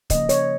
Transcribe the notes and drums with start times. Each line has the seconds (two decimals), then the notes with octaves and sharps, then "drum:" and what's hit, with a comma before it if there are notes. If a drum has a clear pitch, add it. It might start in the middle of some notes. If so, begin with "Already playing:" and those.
0.10 C#3 F3 A#3 D#5, drum: kick, hi-hat
0.29 C#5, drum: hi-hat